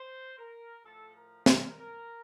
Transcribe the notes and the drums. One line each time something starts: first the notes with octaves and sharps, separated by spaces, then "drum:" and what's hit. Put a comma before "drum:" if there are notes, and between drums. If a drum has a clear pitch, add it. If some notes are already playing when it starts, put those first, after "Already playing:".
Already playing: C5
A#4
A2 F3 A4
A#4
A#4, drum: snare
A#4